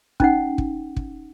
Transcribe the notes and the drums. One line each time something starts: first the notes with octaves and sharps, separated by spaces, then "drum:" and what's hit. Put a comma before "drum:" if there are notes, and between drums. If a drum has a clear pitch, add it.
C#4 D#4 F#5, drum: kick
drum: kick
drum: kick